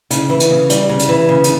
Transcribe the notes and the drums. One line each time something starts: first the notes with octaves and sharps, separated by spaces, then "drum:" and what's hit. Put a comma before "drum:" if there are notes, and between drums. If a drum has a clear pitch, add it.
C#3, drum: hi-hat
E3
drum: hi-hat
C#3
G3, drum: hi-hat
C#3
drum: hi-hat
E3
C#3
drum: hi-hat